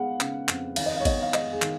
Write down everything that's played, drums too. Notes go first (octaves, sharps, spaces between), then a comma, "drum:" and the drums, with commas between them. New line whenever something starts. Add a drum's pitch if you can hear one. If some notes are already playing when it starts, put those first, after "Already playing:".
Already playing: G#3 B3 F5 F#5
C#3, drum: clap
F2, drum: clap
D#3 F5, drum: cymbal
D#5
F5
C#5
B3 D#5, drum: kick A1, cymbal
F5
G#3 D#5, drum: clap
G#4
D#3, drum: clap